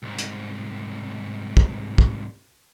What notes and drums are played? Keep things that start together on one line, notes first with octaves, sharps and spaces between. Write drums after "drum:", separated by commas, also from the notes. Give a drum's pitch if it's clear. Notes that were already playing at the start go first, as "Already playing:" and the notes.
C2 G#2
drum: hi-hat
drum: kick
drum: kick